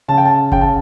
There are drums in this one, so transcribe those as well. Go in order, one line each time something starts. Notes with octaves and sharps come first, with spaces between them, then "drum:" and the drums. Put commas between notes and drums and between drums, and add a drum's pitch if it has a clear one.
C#3 A5
G5
A5
C#3 G5, drum: kick G1
A5